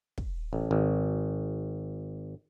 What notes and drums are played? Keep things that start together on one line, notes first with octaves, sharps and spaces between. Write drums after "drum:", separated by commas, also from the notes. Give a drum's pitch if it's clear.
drum: kick
A1
G#1